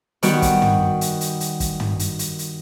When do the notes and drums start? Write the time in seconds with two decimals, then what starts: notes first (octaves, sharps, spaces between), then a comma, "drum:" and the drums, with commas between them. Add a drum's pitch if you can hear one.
0.23 D#3 G3 B3 F#4 G4, drum: hi-hat
0.42 drum: kick, hi-hat
0.62 drum: tom
1.01 drum: hi-hat
1.21 drum: hi-hat
1.40 drum: hi-hat
1.60 drum: kick, hi-hat
1.80 drum: tom
1.99 drum: hi-hat
2.19 drum: hi-hat
2.39 drum: hi-hat